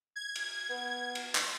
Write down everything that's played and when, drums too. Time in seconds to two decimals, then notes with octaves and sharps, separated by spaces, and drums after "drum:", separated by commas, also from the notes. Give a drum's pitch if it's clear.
0.16 G#6
0.36 drum: cymbal
0.70 B3
1.15 drum: cymbal
1.35 drum: clap